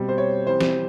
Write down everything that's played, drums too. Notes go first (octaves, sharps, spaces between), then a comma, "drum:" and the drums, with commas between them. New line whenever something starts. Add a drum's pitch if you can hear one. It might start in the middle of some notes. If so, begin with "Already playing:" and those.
Already playing: B2 G3 C4
C5
C#5
E3 G3 C4 C5
drum: snare